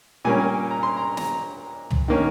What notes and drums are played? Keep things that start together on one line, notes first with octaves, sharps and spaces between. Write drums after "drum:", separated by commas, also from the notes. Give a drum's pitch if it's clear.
A#2 G3 A#3 C#4 G#5
A#5
C6
A#5
A#5, drum: snare
drum: tom
D#3 A#3 C#4